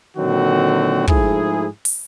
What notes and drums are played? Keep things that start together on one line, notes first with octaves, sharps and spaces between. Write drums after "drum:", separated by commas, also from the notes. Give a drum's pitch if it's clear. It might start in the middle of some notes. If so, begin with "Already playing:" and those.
A#2 D3 D#3 F#3 C4 F#4
G#2 F3 A3 E4 G#4, drum: kick
drum: open hi-hat